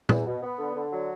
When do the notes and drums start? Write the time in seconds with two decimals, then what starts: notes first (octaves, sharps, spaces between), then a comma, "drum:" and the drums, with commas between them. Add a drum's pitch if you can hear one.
0.09 E2, drum: tom A#2
0.25 B2
0.42 B3
0.58 D3
0.75 D3
0.91 F#3